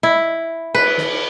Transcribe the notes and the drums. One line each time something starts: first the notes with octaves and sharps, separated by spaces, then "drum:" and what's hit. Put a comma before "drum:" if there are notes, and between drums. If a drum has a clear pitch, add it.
E4
B4, drum: cymbal
drum: snare